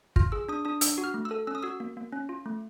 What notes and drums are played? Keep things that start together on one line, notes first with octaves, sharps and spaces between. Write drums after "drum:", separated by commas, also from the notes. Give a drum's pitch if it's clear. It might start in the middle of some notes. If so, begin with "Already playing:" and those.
F4 F6, drum: kick
G#4 E6
D4 D#6
D4 D#6
D4 E6, drum: hi-hat
F#4
F6
A3
E6
A4
C#4 E6
D#6
F#4 E6
A#3
A#3
C#4
F4
A3